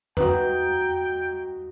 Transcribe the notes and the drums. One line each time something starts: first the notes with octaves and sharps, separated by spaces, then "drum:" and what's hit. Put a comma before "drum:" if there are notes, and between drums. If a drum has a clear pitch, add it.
D#4 F#4 B4 G5, drum: tom E2